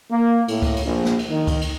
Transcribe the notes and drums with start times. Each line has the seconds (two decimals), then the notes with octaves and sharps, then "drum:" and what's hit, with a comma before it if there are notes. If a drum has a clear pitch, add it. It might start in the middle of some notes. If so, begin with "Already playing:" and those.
0.11 A#3
0.48 A2, drum: cymbal
0.62 drum: kick C#2, cymbal
0.76 drum: cymbal
0.86 A#1
1.05 drum: snare
1.19 drum: cymbal
1.29 D#3
1.47 drum: kick C#2, cymbal
1.62 drum: cymbal